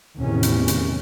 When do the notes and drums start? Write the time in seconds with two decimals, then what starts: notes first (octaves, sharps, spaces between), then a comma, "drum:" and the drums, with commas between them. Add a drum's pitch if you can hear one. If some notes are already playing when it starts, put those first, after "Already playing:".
0.18 E2 A2 C3 D#3 C#4
0.43 drum: hi-hat
0.68 drum: hi-hat